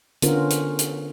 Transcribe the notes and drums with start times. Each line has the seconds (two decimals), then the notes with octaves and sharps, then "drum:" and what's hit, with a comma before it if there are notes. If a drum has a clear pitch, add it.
0.22 D3 B3 C#4 F4 A#4 C5, drum: hi-hat
0.51 drum: hi-hat
0.79 drum: hi-hat